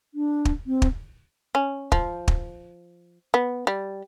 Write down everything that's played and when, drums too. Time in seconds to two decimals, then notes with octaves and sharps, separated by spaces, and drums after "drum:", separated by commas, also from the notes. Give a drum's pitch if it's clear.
0.14 D4
0.45 drum: kick
0.66 C4
0.82 drum: kick
1.55 C#4
1.92 F3, drum: kick
2.28 drum: kick
3.34 B3
3.67 G3